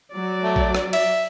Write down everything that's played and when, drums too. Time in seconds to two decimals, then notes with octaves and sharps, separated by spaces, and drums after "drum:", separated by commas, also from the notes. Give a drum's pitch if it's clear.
0.13 F#3 D5
0.43 A3
0.56 drum: kick A#1
0.75 drum: rim click
0.93 E5, drum: cymbal